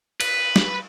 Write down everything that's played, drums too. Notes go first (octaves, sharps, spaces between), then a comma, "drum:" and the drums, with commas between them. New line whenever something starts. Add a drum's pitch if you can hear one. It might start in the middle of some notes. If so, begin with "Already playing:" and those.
B4, drum: cymbal
drum: snare